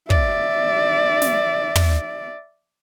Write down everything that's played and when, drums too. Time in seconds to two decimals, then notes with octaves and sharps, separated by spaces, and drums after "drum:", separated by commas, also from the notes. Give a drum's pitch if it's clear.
0.10 D5 E5, drum: kick
1.22 drum: snare
1.75 drum: tom